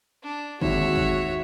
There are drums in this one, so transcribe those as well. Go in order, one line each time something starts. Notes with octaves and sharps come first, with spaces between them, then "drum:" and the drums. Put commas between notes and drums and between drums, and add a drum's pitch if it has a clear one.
D4
G#1 D#2 F#4 C#5 E5, drum: kick
drum: kick